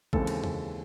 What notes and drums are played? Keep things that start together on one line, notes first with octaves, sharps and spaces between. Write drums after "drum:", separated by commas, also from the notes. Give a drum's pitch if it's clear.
D#2 C#3 E3 G#3 C4 A4, drum: kick A1
drum: cymbal
drum: tom F2